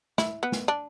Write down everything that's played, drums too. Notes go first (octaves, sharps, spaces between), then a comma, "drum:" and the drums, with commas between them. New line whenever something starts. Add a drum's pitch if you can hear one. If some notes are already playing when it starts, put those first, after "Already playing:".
E4, drum: snare
B3
drum: snare
D4